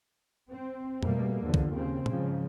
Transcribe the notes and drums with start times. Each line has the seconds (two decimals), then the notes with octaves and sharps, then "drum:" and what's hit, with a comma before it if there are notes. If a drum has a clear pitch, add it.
0.51 C4
1.03 B2 G3 A3 A#3, drum: tom F2
1.44 E2 D3 F3
1.54 drum: kick
1.73 D#2 C#3 C4
2.06 G#2 C#3 F3, drum: tom